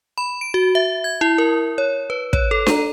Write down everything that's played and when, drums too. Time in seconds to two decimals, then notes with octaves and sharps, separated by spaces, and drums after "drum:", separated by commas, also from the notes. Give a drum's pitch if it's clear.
0.18 B5
0.41 D7
0.54 F#4
0.75 E5
1.04 G#6
1.21 E4
1.38 A#4
1.78 C#5
2.10 B4
2.33 C#5, drum: kick
2.51 A4
2.67 A#5, drum: snare D4